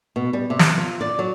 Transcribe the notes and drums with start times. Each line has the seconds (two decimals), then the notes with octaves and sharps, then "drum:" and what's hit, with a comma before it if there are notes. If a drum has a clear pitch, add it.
0.16 B2
0.33 G3
0.50 C3
0.59 drum: snare
0.78 F4
1.01 D5
1.19 F#3